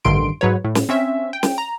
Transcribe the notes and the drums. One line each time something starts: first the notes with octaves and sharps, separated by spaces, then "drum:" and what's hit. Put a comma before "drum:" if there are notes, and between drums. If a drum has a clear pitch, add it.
A1 G2 D3 D#3 C6 D7
G#2 F#3 B4 C#5
A2
drum: snare
C4 C#4 E5
G5
drum: snare
A#5